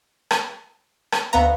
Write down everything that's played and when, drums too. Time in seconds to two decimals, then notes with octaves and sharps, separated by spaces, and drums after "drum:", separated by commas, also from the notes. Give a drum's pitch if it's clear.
0.31 drum: rim click
1.12 drum: rim click
1.33 D2 B3 F5 A#5